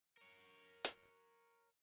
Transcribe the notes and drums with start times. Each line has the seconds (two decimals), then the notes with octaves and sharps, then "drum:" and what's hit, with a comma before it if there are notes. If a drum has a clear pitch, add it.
0.17 A#4 C#5
0.85 drum: hi-hat